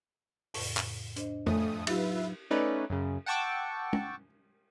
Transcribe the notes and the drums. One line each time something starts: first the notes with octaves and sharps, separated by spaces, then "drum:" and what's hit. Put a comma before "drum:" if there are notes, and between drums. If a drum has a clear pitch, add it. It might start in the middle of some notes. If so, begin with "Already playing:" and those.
F2 A2 C#3, drum: open hi-hat
drum: clap
D4 C5 D#5, drum: hi-hat
F2 A3 C#5 G#5 D#6, drum: tom
F#3 D#4 F4 G4 B4 E5, drum: cymbal
A3 C#4 D#4 B4 D5
F#2 C#3
F#5 G5 A5 C#6 D6 E6
drum: tom